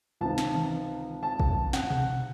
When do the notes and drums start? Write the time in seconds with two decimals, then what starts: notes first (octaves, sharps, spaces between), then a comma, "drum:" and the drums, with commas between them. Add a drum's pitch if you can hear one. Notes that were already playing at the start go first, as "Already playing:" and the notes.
0.21 C#2 C3 D#3 A5
0.38 drum: snare
0.55 drum: tom D#3
1.23 A5
1.40 drum: kick
1.73 F#5, drum: snare
1.90 drum: tom B2